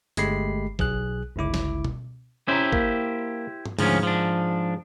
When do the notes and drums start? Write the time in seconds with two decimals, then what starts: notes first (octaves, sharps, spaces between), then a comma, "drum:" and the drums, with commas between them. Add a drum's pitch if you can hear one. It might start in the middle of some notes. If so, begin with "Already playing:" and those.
0.17 G1 G#3 A3 G4 B5 C7, drum: hi-hat
0.79 B1 G#4 F#6, drum: kick
1.36 G1 C#2 E4 D6
1.54 drum: snare
1.85 drum: tom B2
2.48 C#4 E4 G4 C5 A#5
2.72 A#3, drum: kick
3.66 drum: tom
3.79 D2 G#2 F3 C#4, drum: open hi-hat
4.03 F3 D4